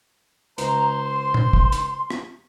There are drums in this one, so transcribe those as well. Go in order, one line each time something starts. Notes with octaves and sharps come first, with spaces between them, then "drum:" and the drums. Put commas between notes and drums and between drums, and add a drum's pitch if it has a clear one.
C#2 C5 A#5, drum: hi-hat
C6
drum: tom A#2
drum: kick
drum: hi-hat
drum: rim click